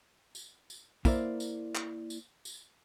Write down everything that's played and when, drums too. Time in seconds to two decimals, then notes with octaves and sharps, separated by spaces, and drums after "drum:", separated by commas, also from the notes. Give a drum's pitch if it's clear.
0.35 drum: tambourine
0.70 drum: tambourine
1.05 A#3 E4 A#4 C5 D5, drum: kick, tambourine
1.40 drum: tambourine
1.75 drum: clap
2.10 drum: tambourine
2.45 drum: tambourine